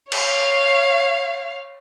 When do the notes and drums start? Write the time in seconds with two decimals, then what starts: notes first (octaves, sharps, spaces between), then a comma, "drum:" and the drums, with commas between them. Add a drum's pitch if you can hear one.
0.12 C#5 F5, drum: cymbal